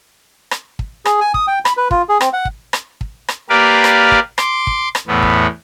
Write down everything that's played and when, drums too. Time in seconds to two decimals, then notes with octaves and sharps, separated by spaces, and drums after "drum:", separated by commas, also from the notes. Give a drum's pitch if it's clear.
0.51 drum: rim click
0.79 drum: kick
1.05 G#4, drum: rim click
1.21 G#5
1.34 D#6, drum: kick
1.47 G5
1.65 B5, drum: rim click
1.77 B4
1.91 F4, drum: kick
2.09 G#4
2.21 C4, drum: rim click
2.33 F#5
2.45 drum: kick
2.73 drum: rim click
3.01 drum: kick
3.28 drum: rim click
3.49 A#3 G4 A#4 B4 D5 F5
3.84 drum: rim click
4.12 drum: kick
4.38 C6 D6, drum: rim click
4.67 drum: kick
4.95 drum: rim click
5.07 E2 A2 B3
5.22 drum: kick